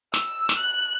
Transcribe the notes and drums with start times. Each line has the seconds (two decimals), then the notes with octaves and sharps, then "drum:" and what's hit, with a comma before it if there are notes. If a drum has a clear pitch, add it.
0.14 E6, drum: snare
0.49 drum: snare
0.58 F#6